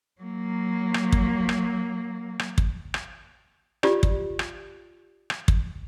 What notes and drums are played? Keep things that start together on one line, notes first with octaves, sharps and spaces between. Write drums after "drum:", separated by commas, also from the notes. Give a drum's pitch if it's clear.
F#3 A#3
drum: rim click
drum: kick
drum: rim click
drum: rim click
drum: kick
drum: rim click
F4 G4 D5, drum: rim click
drum: kick
drum: rim click
drum: rim click
drum: kick